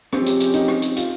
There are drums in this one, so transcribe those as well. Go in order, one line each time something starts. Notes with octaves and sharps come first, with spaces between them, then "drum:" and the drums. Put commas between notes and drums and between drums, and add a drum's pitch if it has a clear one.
F3 G#3 C4 C#4 G4, drum: rim click
drum: hi-hat
drum: hi-hat
D#4, drum: hi-hat
drum: rim click
drum: hi-hat
F4, drum: hi-hat